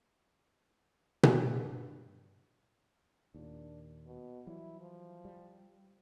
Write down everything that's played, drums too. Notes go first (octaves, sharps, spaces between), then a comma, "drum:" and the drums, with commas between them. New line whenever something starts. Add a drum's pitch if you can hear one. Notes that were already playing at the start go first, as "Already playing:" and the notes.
drum: tom B2
G2 G3 C4 D4 F#4
D#2 A#2 D4
B2
E3 F#3 G3 E4
F3
G3